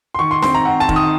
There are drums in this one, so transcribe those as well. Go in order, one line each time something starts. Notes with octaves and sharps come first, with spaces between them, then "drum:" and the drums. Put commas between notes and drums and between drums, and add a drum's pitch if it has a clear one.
C6
D#3 C#6
C6
C4 C6, drum: snare D4
A#5
C4 F#5
A5
D#3, drum: kick
D#6